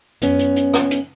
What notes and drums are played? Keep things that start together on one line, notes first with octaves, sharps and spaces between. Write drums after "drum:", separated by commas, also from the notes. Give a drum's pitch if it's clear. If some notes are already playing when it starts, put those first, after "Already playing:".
F#2 B3 C#4, drum: hi-hat
drum: hi-hat
drum: hi-hat
drum: rim click
drum: hi-hat